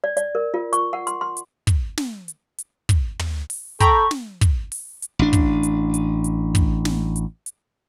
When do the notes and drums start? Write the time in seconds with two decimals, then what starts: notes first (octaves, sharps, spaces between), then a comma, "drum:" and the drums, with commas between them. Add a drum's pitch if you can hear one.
0.04 D5
0.17 D5, drum: hi-hat
0.35 A#4
0.54 F4
0.73 C#6, drum: hi-hat
0.93 F#5
1.07 C6, drum: hi-hat
1.21 C6
1.37 drum: hi-hat
1.67 drum: kick, hi-hat
1.98 drum: snare
2.28 drum: hi-hat
2.58 drum: hi-hat
2.89 drum: kick, hi-hat
3.19 drum: tom
3.50 drum: open hi-hat
3.80 A4 G5 A#5 B5 C#6, drum: kick, hi-hat
4.11 drum: snare
4.41 drum: kick, hi-hat
4.72 drum: open hi-hat
5.02 drum: hi-hat
5.19 A1 D4
5.33 drum: kick, hi-hat
5.63 drum: hi-hat
5.94 drum: hi-hat
6.24 drum: hi-hat
6.55 drum: kick, hi-hat
6.85 drum: snare
7.16 drum: hi-hat
7.46 drum: hi-hat